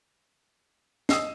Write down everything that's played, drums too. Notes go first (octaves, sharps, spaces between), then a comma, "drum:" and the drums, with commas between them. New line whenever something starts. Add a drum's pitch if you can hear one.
D#5 D#6 E6 C7, drum: snare